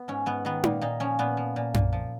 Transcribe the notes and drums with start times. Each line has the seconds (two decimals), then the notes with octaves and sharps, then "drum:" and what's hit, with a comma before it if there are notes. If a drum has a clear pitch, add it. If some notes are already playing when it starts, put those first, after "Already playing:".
Already playing: B3
0.08 G#2 C#4
0.26 G#2 B3
0.45 D#3 B3
0.64 A#2, drum: tom D#4
0.81 A#2 D#4
1.00 F3 C#4
1.19 A#2 B3
1.37 F3
1.56 A#2
1.74 A#2, drum: tom F#2
1.93 F3